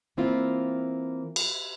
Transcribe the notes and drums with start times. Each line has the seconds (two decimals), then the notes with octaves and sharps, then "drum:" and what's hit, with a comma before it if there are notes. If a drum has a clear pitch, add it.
0.17 E3 A#3 C4 E4 F4
1.36 drum: cymbal